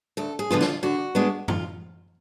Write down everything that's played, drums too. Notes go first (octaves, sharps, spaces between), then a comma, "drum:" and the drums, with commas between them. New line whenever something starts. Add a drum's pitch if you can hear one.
D2 A4
G#4
D3 F3 B3 F4
F4, drum: snare
D3 F#4
G#3 B3 D4
F2 F4, drum: tom